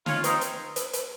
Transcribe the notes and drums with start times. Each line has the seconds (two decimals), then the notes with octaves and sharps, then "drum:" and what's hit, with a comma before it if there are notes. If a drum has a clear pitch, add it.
0.06 C#4 F4, drum: snare
0.24 C4 D#4, drum: hi-hat
0.41 drum: hi-hat
0.76 drum: hi-hat
0.93 drum: hi-hat